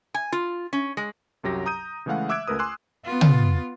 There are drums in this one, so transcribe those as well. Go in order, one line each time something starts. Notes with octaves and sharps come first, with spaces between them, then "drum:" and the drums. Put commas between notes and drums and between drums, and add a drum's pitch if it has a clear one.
G#5
F4
C#4
G#3
C2 F#2 F#3 G4 A#6
A#5 D#6 G6 D#7
C#3 E3 G#3 A3 F5 F#5
E5 D6 E6 F#6 G#6 D7
C#2 A3 A#4 B4 D#6
G#5 C6 D6 E6 F#6
B3 F4
drum: tom